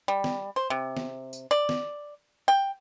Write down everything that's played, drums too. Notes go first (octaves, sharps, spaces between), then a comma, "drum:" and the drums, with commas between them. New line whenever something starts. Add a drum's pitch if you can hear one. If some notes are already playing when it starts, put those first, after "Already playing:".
G3
drum: snare
C5
C3
drum: snare
drum: tambourine
D5
drum: snare
G5